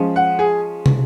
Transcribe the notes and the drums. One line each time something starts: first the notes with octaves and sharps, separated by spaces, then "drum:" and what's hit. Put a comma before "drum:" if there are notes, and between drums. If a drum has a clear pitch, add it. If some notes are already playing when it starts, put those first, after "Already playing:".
Already playing: F3 G#3 C#4
F#5
G#4
drum: tom